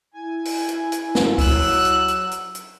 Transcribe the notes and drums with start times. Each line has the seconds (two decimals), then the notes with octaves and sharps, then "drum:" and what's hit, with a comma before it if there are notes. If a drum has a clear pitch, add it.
0.14 E4 G#5
0.45 drum: open hi-hat
0.69 drum: hi-hat
0.92 drum: hi-hat
1.15 drum: snare
1.38 F#3 E6 F#6, drum: kick C#2, open hi-hat
1.62 drum: open hi-hat
1.85 drum: hi-hat
2.08 drum: hi-hat
2.31 drum: hi-hat
2.55 drum: hi-hat